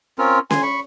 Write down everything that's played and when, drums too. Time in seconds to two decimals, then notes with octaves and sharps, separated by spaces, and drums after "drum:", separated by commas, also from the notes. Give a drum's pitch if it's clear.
0.18 C4 C#4 F4 A#4
0.50 G#5 C6, drum: snare C#4
0.63 B5 C#6